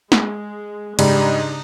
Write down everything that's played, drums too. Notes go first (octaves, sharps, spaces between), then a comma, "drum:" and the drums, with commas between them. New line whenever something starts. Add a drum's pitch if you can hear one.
G#3, drum: snare
G#2 C#3 G3 D4 D#4 G4, drum: cymbal